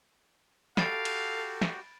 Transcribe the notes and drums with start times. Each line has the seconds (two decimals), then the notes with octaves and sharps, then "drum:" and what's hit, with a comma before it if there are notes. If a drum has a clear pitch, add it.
0.77 F#4 G4 A4 F5 B5 A6 D7, drum: snare
1.05 drum: cymbal
1.61 drum: snare